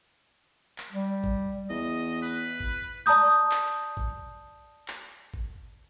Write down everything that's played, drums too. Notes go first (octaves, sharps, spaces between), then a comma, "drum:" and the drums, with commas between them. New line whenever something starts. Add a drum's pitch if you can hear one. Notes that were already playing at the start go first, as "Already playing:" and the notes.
drum: clap
G3
drum: kick G#1
E2 D#5
B4
drum: kick G#1
D5 A5 A#5 D#6 G6
drum: clap
drum: kick G#1
drum: clap
drum: kick G#1